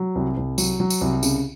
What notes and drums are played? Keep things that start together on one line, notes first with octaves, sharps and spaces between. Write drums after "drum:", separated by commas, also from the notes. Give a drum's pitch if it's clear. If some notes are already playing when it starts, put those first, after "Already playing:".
Already playing: F#3
C2
C2
F#3, drum: tambourine
F#3
drum: tambourine
C2
C#3, drum: tambourine